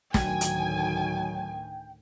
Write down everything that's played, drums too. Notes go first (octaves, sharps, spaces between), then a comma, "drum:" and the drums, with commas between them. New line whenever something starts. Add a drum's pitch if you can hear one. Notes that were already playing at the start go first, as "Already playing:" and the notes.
D2 A2 D#3 F#3 G5 G#5, drum: snare
drum: hi-hat